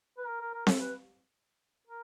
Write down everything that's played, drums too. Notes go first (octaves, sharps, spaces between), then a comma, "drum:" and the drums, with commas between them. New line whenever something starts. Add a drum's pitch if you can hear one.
B4
A#4
A#4
A#4
A4, drum: snare C4
B4
A#4